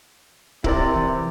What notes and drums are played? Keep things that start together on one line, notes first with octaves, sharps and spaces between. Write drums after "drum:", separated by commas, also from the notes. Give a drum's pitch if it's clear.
C3 E4 A#4 D5, drum: kick
E3